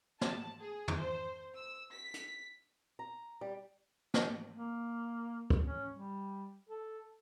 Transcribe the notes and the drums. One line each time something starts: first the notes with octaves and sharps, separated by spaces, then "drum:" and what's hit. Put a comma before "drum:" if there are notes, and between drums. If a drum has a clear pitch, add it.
A5, drum: snare
G#4
drum: tom
C5
E6
B6
drum: hi-hat
A#5
G3
drum: snare
A#3
drum: kick
C#4
G3
A4